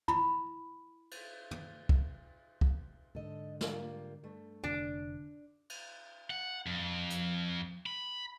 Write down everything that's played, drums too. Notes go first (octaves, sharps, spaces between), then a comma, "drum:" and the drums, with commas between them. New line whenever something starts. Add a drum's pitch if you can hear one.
E4 B5, drum: tom
drum: cymbal
drum: tom
drum: kick
drum: kick
G#2 D3 A4 D#5
G3 A#3 F4, drum: snare
G2 A3
F1 D3 D4
drum: cymbal
F#5
F2
drum: hi-hat
B5